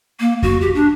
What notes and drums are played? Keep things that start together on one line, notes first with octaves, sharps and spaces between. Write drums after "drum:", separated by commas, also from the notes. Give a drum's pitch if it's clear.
A#3
F#4, drum: kick F2
G4
D4